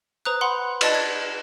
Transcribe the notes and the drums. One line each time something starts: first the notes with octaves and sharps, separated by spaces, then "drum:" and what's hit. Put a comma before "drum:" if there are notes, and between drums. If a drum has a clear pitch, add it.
B4 C5 A#5 D#6 F#6
B4 F#5 B5 C6
B4 D5 D#5 A5 A6 E7, drum: cymbal
G#6